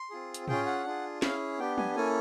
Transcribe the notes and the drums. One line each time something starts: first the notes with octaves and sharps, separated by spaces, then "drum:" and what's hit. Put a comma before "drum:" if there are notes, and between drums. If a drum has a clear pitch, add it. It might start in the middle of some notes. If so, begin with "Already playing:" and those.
Already playing: C6
C4 F4 G#4
drum: hi-hat
C#4 F4 G#4 G5, drum: tom
F#5
D4 F4 G#4
C#4 E4 G#4 F5, drum: snare
B3 D4 G4 G5
G#5, drum: tom
A#3 C#4 E4 A4 G#5